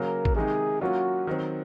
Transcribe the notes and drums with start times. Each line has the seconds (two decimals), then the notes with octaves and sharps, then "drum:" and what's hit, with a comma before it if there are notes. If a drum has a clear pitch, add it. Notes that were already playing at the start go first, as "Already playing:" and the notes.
Already playing: C#3 F#3 A#3 A#4
0.25 drum: kick
0.35 C3 D#3 G#3 D#4 G#4
0.81 F#3 A#3 C#4 F4 F#4
1.27 D#3 F#3 C4